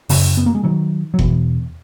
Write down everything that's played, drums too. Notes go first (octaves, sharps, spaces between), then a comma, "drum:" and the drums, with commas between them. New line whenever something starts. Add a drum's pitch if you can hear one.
F#2 C#3, drum: open hi-hat
B3
A#3
G#3
D#3 F#3
F#3
E2 B2 E3, drum: kick F#1